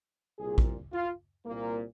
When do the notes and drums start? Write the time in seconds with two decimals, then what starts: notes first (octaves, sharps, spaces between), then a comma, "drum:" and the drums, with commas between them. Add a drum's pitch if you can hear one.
0.39 C2 A#2 G#4
0.58 drum: kick A#1
0.93 F4
1.46 C2 A#2 A#3